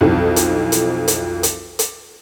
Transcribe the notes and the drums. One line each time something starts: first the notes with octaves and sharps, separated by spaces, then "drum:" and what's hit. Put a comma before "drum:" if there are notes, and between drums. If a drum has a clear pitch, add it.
B1 F2 E3 C4 D#4 A4
drum: hi-hat
drum: hi-hat
drum: hi-hat
drum: hi-hat
drum: hi-hat